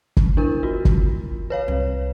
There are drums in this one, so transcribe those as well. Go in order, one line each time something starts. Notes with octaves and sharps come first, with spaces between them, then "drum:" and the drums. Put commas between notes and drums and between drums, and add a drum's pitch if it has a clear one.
drum: kick
B3 D4 E4 A#4
F4 F#4
drum: kick
B4 C#5 F5
C2